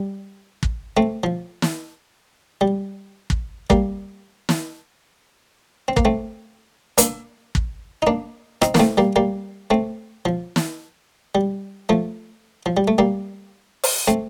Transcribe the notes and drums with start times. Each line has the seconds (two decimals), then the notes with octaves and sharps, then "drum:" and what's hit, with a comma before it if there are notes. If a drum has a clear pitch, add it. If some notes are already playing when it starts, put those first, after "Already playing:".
Already playing: G3
0.63 drum: kick
0.97 A3 C4
1.23 F3
1.62 drum: snare
2.61 G3
3.30 drum: kick
3.70 G3 A#3, drum: kick
4.49 drum: snare
5.88 C4
5.97 A#3, drum: kick
6.05 A3 C4
6.98 A#3 D4, drum: hi-hat
7.55 drum: kick
8.02 D#4
8.07 A#3 D4
8.62 C4 D#4, drum: rim click
8.74 A#3, drum: snare
8.79 A3 C4
8.97 G3 A#3
9.16 G3 A#3
9.70 A3 C4
10.25 F3
10.56 drum: snare
11.35 G3
11.89 F3 A3
12.66 F3
12.77 G3
12.88 A3
12.98 G3 A#3
13.84 drum: open hi-hat
14.08 A3 C4